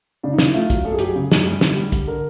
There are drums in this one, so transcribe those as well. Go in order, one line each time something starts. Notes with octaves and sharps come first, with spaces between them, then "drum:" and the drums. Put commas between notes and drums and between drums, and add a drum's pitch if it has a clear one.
C#3 D4
D#4
C#3, drum: snare
E4
A3 F4
F#3, drum: kick, hi-hat
F#2 A4
G#4
F#3 G4, drum: hi-hat
G#4
C#3
F#2, drum: snare
G3
D3, drum: snare
G3
D3, drum: kick, hi-hat
D3 A#4